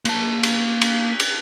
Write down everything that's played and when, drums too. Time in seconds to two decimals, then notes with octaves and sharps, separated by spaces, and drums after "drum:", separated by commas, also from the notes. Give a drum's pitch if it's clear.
0.05 A#3 A5, drum: cymbal
0.43 drum: cymbal
0.81 drum: cymbal
1.20 drum: cymbal